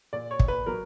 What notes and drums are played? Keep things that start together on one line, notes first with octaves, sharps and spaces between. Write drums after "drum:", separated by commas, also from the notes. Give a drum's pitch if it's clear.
A#2 D5
C#5
A#2, drum: kick
B4
F#3 A#4